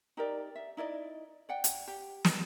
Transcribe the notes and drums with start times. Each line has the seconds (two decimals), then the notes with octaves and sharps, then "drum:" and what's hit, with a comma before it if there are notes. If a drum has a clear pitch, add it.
0.17 D#4 G4 A#4 D5
0.56 E5
0.77 D#4 E4 D5 D#5
1.49 D5 F#5 G5
1.64 drum: hi-hat
1.88 G4
2.25 drum: snare